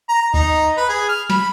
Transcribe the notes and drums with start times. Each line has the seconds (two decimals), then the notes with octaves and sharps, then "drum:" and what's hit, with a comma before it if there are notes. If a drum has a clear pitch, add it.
0.09 A#5
0.34 D#4, drum: kick D2
0.77 B4
0.89 G#4
1.09 F6
1.30 B5, drum: snare